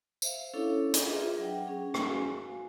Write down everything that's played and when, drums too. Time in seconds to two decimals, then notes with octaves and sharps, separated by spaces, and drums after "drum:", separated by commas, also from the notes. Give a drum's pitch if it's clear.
0.22 C5 E5 F5, drum: tambourine
0.54 C#4 D4 E4 A4 C#5 F5
0.94 drum: hi-hat
1.06 D4 F4 G#4 B4 E5
1.38 F#3 D4 B4 F#5 G5
1.67 C#4 G#4
1.94 drum: rim click
2.07 F#4 F5 G#5